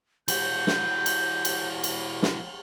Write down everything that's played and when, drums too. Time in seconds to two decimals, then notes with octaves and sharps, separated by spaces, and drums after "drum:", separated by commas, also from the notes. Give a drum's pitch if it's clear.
0.28 E3 F#4 G6, drum: cymbal
0.67 drum: snare
1.06 drum: cymbal
1.45 drum: cymbal
1.84 drum: cymbal
2.22 drum: snare